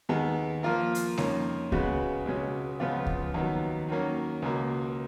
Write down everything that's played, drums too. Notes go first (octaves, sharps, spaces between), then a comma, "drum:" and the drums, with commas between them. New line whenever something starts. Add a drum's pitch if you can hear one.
D#2 D#3 G#3 B3
F3 A#3 F4 A#4
drum: hi-hat
F2 D#3 A#3 C#4, drum: snare G#3
C#3 G#3 B3 F#4 B4, drum: kick C#2
C#2 B2 G#3 C#4
C#2 C#3 F3 B3 F4
drum: kick C#2
D#2 D#3 F#3 B3
D#3 F#3 A#3 C#4
C#2 B2 A#3